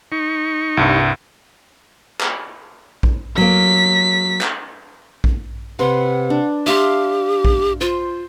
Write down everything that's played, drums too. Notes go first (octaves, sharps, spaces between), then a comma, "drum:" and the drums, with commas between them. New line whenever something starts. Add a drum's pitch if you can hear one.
D#4 C#6
C2 G2
drum: clap
drum: kick A#1
F#3 A#3 B6
drum: clap
drum: kick A#1
C3 B4 F#5 C6
D4
G4 E5 F5 C6
drum: kick A#1
F4 C5